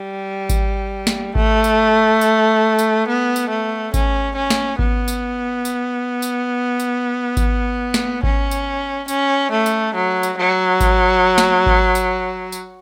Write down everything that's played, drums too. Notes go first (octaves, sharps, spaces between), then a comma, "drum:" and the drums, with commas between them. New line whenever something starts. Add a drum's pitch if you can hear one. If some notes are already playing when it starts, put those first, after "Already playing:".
Already playing: G3
drum: kick G#1, tambourine
drum: snare
A3, drum: kick G#1
drum: tambourine
drum: tambourine
drum: tambourine
B3
drum: tambourine
A3
C#4, drum: kick G#1, tambourine
C#4
drum: snare
B3, drum: kick G#1
drum: tambourine
drum: tambourine
drum: tambourine
drum: tambourine
drum: kick G#1, tambourine
drum: snare
C#4, drum: kick G#1
drum: tambourine
C#4, drum: tambourine
A3
drum: tambourine
F#3
drum: tambourine
F#3
drum: kick G#1, tambourine
drum: snare
drum: kick G#1
drum: tambourine
drum: tambourine